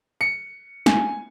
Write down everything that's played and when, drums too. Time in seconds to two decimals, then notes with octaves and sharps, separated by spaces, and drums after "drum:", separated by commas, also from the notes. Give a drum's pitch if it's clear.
0.21 C#7
0.86 G#5, drum: snare